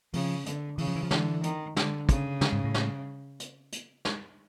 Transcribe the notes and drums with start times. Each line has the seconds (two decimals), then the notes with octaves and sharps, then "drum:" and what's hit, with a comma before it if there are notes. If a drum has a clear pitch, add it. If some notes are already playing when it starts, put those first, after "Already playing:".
0.13 C#3 F3, drum: open hi-hat
0.46 D3, drum: hi-hat
0.78 C#3 E3, drum: open hi-hat
0.87 F3
0.96 E3
1.03 F3
1.11 D3 E3, drum: snare
1.44 D#3, drum: hi-hat
1.76 D3, drum: snare
2.09 C#3, drum: kick, hi-hat
2.41 D3, drum: snare
2.53 G#2
2.64 A2
2.74 drum: snare
3.40 drum: hi-hat
3.72 drum: hi-hat
4.05 drum: snare